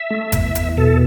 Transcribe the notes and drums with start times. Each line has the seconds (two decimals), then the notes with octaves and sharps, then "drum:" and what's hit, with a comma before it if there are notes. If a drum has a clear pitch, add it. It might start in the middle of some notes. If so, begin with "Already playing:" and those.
Already playing: E5
0.10 A3
0.32 E2, drum: kick G#1, hi-hat
0.55 E2, drum: hi-hat
0.77 B2 A4